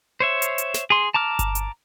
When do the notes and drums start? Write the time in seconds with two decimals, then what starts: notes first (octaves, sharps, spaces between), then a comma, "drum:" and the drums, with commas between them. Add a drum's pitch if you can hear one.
0.20 C5 C#5 E5
0.42 drum: hi-hat
0.58 drum: hi-hat
0.74 drum: snare
0.90 G#4 C6
1.14 A5 A#5 D6 F6
1.39 drum: kick G1, hi-hat
1.55 drum: hi-hat